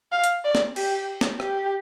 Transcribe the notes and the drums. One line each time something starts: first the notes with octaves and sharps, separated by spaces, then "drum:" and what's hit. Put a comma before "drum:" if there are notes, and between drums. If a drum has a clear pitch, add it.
F5
drum: hi-hat
D5
drum: snare
G4, drum: cymbal
drum: snare
G4, drum: rim click